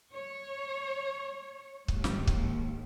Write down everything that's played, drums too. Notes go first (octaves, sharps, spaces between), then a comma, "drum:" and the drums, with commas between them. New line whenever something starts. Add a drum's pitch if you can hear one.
C#5
D#2 G#2, drum: kick
drum: snare
drum: kick